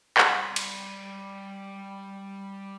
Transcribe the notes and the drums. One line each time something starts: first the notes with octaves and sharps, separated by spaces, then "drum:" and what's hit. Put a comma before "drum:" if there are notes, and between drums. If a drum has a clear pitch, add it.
G3 C6, drum: clap
drum: cymbal